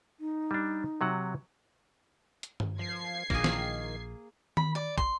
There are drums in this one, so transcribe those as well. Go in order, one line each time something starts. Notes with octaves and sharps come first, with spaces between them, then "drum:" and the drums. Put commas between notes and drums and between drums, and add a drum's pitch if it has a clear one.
D#4
G3 D4
C3 F#3 F#5
drum: hi-hat
drum: tom G2
F3 G#6 C7
A#1 D#3 A#3 G#4, drum: kick
drum: snare
B5, drum: tom D#3
D5
C6, drum: kick